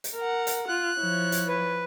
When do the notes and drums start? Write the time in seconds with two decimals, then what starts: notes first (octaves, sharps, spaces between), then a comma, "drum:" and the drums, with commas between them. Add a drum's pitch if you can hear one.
0.04 drum: hi-hat
0.15 A#4 F#5
0.47 drum: hi-hat
0.68 F4 F#6
0.98 F3 E4 C#5
1.32 drum: hi-hat
1.48 B4